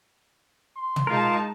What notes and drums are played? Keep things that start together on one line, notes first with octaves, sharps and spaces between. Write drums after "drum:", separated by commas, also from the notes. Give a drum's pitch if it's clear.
C6
drum: tom
G#3 D#4 F4 A#4 A5